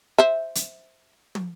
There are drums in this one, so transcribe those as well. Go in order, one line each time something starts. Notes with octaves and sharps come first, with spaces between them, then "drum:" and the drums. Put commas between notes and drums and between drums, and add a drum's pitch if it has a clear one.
C5 E5
drum: hi-hat
drum: tom